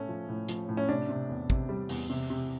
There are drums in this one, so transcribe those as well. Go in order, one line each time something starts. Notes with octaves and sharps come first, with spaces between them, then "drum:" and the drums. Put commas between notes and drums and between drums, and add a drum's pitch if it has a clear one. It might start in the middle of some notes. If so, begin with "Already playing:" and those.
Already playing: A2 A3 C#4
F3
A2
F3, drum: hi-hat
A2
C#4
C3 D4
C3
E2
C3, drum: kick
G3
E2, drum: open hi-hat
C3
C3